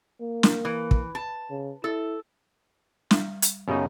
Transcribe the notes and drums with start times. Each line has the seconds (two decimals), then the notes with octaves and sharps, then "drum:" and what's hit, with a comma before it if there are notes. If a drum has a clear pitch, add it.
0.21 A#3
0.43 drum: snare
0.65 E3
0.91 drum: kick
1.15 A5
1.51 C#3
1.84 E4 A4
3.11 G3 F5, drum: snare
3.42 drum: hi-hat
3.68 F#2 C#3 B3 D#4 G4